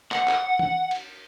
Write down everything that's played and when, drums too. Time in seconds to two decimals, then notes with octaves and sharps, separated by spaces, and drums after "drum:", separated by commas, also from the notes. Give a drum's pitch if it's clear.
0.12 F#5, drum: clap
0.28 drum: clap
0.59 drum: tom
0.91 drum: cymbal